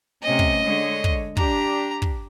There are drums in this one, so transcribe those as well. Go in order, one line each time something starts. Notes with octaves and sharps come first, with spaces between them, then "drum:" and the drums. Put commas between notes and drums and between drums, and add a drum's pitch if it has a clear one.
C3 A3 C#4 D#5
drum: kick
D3 G#3 C#5
drum: kick
D4 G4 A#5, drum: kick
drum: kick